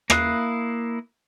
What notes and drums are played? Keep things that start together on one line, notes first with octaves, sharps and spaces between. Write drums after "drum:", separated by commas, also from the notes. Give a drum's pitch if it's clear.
A#3 E4 F5 D#6 F#6, drum: rim click